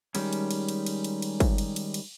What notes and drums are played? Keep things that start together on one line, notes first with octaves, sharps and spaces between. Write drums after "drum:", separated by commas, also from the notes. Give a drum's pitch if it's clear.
D#3 G3 G#3 C#4, drum: cymbal
drum: cymbal
drum: cymbal
drum: cymbal
drum: cymbal
drum: cymbal
drum: cymbal
drum: kick, cymbal
drum: cymbal
drum: cymbal
drum: cymbal